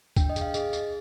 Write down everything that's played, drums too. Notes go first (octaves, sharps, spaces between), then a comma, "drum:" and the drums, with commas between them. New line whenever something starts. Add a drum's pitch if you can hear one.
D4 G5, drum: kick C#2, tambourine
D#5
G#4, drum: tambourine
F5
G#4 D#5, drum: tambourine
G#4, drum: tambourine